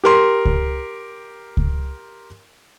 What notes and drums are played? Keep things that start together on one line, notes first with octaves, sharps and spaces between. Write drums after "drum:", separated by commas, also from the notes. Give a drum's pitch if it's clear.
G4 A#4 C6
drum: kick C#2
drum: kick C#2